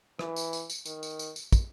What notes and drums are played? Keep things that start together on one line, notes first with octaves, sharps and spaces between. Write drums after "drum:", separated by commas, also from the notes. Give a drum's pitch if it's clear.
E3, drum: rim click
drum: tambourine
drum: tambourine
drum: tambourine
D#3, drum: tambourine
drum: tambourine
drum: tambourine
drum: tambourine
drum: kick, tambourine